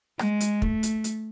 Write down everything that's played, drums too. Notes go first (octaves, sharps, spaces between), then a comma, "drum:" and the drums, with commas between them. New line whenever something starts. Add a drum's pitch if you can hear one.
G#3, drum: rim click
drum: hi-hat
A3, drum: kick
drum: hi-hat
drum: hi-hat